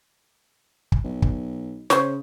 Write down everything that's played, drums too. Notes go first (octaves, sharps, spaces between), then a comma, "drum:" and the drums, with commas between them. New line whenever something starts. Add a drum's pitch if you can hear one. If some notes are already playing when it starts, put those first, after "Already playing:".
drum: kick
B1
drum: kick
C#3 C5 C#5, drum: snare